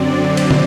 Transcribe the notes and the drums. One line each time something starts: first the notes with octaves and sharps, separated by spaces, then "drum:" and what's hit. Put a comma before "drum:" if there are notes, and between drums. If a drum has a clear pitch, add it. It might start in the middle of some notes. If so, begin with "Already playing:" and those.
Already playing: F#2 D3 F#3 C4 D5
drum: cymbal
drum: tom